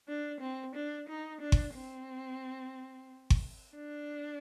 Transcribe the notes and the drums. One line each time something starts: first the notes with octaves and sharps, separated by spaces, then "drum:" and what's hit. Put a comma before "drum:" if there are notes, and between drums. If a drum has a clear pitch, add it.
D4
C4
D4
D#4
D4
drum: kick G1
C4
drum: kick G1
D4